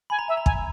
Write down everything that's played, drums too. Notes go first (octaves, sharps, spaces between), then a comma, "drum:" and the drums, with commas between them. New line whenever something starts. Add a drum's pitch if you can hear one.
G#5 B5
A#5
E5 G#5
A#5
G#5, drum: kick